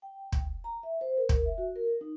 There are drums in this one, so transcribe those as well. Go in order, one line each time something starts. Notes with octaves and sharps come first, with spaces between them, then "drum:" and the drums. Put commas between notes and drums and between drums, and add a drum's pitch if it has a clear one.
G5
drum: kick
A#5
E5
C5
A#4
drum: kick
E5
F#4
A#4
D#4